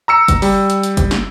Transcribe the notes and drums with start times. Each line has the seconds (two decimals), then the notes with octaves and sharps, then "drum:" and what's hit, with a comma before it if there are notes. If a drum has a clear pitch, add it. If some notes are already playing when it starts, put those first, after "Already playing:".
0.08 A#5 E6 C#7
0.28 drum: kick F#1, hi-hat
0.42 G3, drum: open hi-hat
0.70 drum: hi-hat
0.83 drum: hi-hat
0.97 drum: kick F#1, hi-hat
1.11 drum: snare